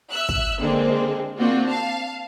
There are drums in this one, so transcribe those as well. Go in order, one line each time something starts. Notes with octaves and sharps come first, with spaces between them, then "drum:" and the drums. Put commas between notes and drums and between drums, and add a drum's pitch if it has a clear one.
E5 E6 F#6
drum: kick
D3 G#3 A#3 C4 D4
A#3 C4 D4 F4 F#4
F5 A5